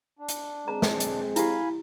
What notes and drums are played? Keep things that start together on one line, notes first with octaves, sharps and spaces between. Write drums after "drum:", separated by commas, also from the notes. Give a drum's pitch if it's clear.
D4
drum: hi-hat
G#3 C4 G#4 A#5
drum: snare
drum: hi-hat
E4 G4 F5 G#5 B5, drum: hi-hat